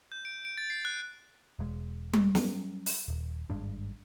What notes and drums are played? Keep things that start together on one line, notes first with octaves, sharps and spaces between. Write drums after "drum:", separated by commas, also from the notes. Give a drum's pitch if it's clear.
G6
D7
D7
A6
C7
F#6
E1 G#3
drum: tom G3
F#3 G3 C#4, drum: snare
drum: open hi-hat
D#1
G#1 G2 G#3 D4